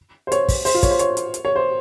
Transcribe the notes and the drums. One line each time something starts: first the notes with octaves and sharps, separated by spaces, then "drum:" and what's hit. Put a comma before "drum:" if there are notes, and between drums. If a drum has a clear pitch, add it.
C5
C#5, drum: hi-hat
drum: kick, open hi-hat
C5, drum: open hi-hat
F4
C#5, drum: kick, hi-hat
C5
C#5, drum: hi-hat
drum: hi-hat
drum: hi-hat
C#5
C5